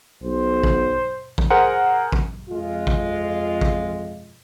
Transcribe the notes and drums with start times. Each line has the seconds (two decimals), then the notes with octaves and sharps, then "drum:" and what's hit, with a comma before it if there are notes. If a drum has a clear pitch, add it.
0.23 B1 C5
0.63 drum: kick A1
1.38 drum: kick A1
1.50 G#4 A#4 C5 F#5 G#5
2.12 drum: kick A1
2.50 F2 G#3 F4
2.87 drum: kick A1
3.61 drum: kick A1